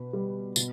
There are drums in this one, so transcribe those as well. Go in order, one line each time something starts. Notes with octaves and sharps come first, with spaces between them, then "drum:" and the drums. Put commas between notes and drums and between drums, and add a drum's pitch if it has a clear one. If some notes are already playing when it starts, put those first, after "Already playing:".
Already playing: B2 B4
G3
B2, drum: tambourine